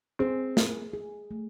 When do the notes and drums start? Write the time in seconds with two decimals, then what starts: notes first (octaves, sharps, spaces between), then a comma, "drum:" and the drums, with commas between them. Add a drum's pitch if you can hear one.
0.19 C4 G#4
0.57 G#4, drum: snare
0.94 G#4
1.31 A3